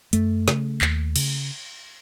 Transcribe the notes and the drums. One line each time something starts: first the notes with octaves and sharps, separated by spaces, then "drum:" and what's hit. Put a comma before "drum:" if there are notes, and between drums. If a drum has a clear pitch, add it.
F#2 A3, drum: hi-hat
C#3, drum: snare
D#2, drum: clap
C#3, drum: cymbal